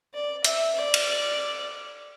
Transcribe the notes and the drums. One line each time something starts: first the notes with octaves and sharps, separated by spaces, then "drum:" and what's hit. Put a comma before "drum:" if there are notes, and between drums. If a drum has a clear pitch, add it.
D5
E5, drum: hi-hat
D5
drum: cymbal